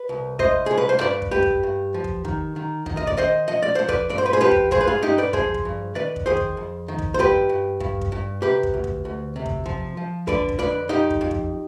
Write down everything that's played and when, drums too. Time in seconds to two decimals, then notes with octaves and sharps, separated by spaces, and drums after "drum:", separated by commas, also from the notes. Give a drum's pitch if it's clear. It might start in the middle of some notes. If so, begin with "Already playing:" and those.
Already playing: B4
0.09 C2
0.39 C2 C5 D#5, drum: kick
0.66 C2 G#4
0.78 B4
0.89 C5
1.00 G2 B4 D5
1.22 drum: kick
1.31 G2 G4 B4
1.42 drum: kick
1.63 G2
1.94 F3
2.04 drum: kick
2.25 D#3, drum: kick
2.56 D#3
2.86 D#3, drum: kick
2.97 D#5
3.07 D5, drum: kick
3.17 D#3 C5 D#5
3.48 F3 D#5
3.62 D5
3.75 F3 C5
3.89 B4 D5, drum: kick
4.10 G2 D5
4.18 C5
4.26 B4
4.33 G#4 C5
4.41 F3 G4 B4
4.51 drum: kick
4.71 G2 G#4 C5, drum: kick
4.81 B4
4.87 F4 G#4
5.02 G2 D#4 G4
5.18 B4 D5
5.33 F3 G#4 C5, drum: kick
5.54 drum: kick
5.65 G2
5.95 D#3 B4 D5
6.16 drum: kick
6.26 D#3 G#4 C5
6.37 drum: kick
6.57 F2
6.88 D#3
6.98 drum: kick
7.14 C5
7.19 G2 G4 B4, drum: kick
7.49 G2
7.80 G2, drum: kick
8.01 drum: kick
8.12 G2
8.42 C3 G4 B4
8.63 drum: kick
8.74 D2
8.84 drum: kick
9.05 D2
9.36 C3
9.46 drum: kick
9.66 F3, drum: kick
9.97 F3
10.27 D3 B4 D5, drum: kick
10.49 drum: kick
10.59 F2 B4 D5
10.89 F2 D#4 G4
11.10 drum: kick
11.21 F2
11.31 drum: kick